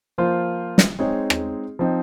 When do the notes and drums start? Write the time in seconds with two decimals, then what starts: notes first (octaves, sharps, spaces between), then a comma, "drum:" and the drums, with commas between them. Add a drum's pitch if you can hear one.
0.18 F3 A#3 F4 C5
0.78 drum: snare
0.99 G#3 C4 D#4 G#4 C#5
1.30 drum: rim click
1.79 F3 C4 D#4